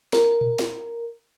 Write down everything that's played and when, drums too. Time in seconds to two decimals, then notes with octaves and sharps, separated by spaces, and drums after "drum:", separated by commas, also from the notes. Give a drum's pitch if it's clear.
0.13 A#4, drum: snare
0.41 drum: tom A#2
0.59 drum: snare